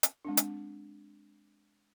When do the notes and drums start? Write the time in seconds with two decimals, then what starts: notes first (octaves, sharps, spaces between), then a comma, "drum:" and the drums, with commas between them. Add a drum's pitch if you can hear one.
0.03 drum: hi-hat
0.25 G#3 C4 D4
0.37 drum: hi-hat